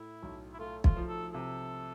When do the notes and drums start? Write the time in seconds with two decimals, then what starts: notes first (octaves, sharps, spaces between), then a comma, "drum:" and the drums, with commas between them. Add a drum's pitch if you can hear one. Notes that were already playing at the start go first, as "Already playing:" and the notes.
Already playing: A2 E4
0.22 B1
0.54 E4
0.59 A3 F4
0.84 F4, drum: kick
0.96 F3
1.09 A4
1.34 C3 A4